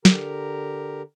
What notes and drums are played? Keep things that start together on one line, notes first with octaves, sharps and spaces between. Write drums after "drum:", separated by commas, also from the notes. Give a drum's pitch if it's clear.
D3 G4 A#4 A#5, drum: snare